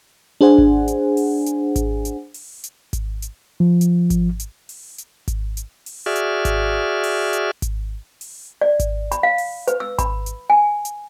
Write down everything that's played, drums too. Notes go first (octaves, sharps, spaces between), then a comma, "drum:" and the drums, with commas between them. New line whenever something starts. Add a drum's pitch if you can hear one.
D4 G#4 C5 F#5 G#5
drum: kick G#1
drum: hi-hat
drum: open hi-hat
drum: hi-hat
drum: kick G#1, hi-hat
drum: hi-hat
drum: open hi-hat
drum: hi-hat
drum: kick G#1, hi-hat
drum: hi-hat
F3
drum: hi-hat
drum: kick G#1, hi-hat
drum: hi-hat
drum: open hi-hat
drum: hi-hat
drum: kick G#1, hi-hat
drum: hi-hat
drum: open hi-hat
F#4 G#4 D5 E5 F6
drum: hi-hat
drum: kick G#1, hi-hat
drum: open hi-hat
drum: hi-hat
drum: kick G#1, hi-hat
drum: open hi-hat
D5
drum: kick G#1, hi-hat
B5, drum: hi-hat
F5
drum: open hi-hat
B4, drum: hi-hat
E6
B5, drum: kick G#1, hi-hat
drum: hi-hat
G#5
drum: hi-hat